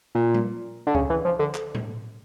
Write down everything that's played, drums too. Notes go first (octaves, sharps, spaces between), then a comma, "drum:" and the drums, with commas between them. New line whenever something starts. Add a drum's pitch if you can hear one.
A#2
drum: tom G3
D3
C#3, drum: kick C#2
E3
F3
D3
drum: clap
drum: tom A2